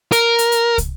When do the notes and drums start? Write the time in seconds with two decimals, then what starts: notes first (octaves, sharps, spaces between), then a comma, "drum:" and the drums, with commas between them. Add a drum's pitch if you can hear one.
0.12 A#4, drum: hi-hat
0.39 drum: hi-hat
0.52 drum: hi-hat
0.78 drum: kick, hi-hat